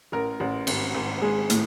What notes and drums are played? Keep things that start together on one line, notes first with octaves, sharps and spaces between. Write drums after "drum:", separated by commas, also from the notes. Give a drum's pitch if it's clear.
A1 A#4
A1
G#1, drum: cymbal
G#1
G#3 G#4
A2, drum: hi-hat